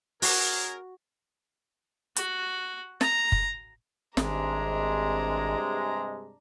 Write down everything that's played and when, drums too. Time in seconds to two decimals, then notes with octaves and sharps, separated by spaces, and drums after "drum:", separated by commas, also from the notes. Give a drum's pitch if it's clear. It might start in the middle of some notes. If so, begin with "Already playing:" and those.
0.22 C#4 F#4 G#4 A#4, drum: open hi-hat
2.16 F#4, drum: hi-hat
3.01 A#5, drum: snare
3.32 drum: kick
4.17 G#1 G2 C3 G#3 D4 A#5, drum: snare